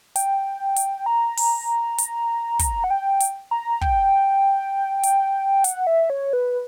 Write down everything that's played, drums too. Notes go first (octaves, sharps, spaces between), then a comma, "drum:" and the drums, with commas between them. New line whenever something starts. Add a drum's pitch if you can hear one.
G5, drum: hi-hat
drum: hi-hat
A#5
drum: open hi-hat
drum: hi-hat
drum: kick, hi-hat
F#5
G5
drum: hi-hat
A#5
G5, drum: kick
drum: hi-hat
F#5, drum: hi-hat
E5
C#5
B4